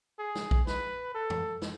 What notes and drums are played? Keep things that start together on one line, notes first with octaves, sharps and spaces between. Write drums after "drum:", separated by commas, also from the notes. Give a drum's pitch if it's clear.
G#4
drum: snare
drum: kick A#1
B4, drum: snare
A4
drum: tom F2
drum: snare